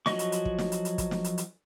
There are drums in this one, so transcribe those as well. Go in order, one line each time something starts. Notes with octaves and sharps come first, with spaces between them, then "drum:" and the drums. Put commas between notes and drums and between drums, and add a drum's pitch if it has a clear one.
F3 F#3 F#4 D#5 C#6, drum: snare
drum: hi-hat
drum: hi-hat
drum: kick
drum: snare
drum: hi-hat
drum: hi-hat
drum: kick, hi-hat
drum: snare
drum: hi-hat
drum: hi-hat